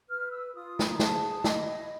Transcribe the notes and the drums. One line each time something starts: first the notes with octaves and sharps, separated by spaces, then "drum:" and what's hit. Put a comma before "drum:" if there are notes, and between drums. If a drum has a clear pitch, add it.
B4 F6
E6
F4 D#6
B5, drum: snare
A#5
G#4 C5 A5, drum: snare
E4 D#5, drum: snare